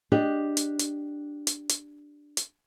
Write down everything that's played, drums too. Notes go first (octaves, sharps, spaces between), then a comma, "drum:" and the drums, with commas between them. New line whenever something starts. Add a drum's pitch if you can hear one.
D4 G4 D#5
drum: hi-hat
drum: hi-hat
drum: hi-hat
drum: hi-hat
drum: hi-hat